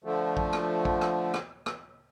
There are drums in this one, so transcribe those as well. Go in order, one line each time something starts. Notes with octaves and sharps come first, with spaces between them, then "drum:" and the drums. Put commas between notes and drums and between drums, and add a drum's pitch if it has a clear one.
D3 F3 A3
drum: kick
drum: rim click
drum: kick
drum: rim click
drum: rim click
drum: rim click